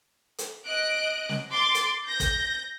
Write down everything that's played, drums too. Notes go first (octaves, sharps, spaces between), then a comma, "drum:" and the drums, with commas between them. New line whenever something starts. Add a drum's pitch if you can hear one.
drum: hi-hat
D#5 F#6 D7
drum: snare
C6 D6 A6 C7
drum: hi-hat
G6 A#6
drum: kick, hi-hat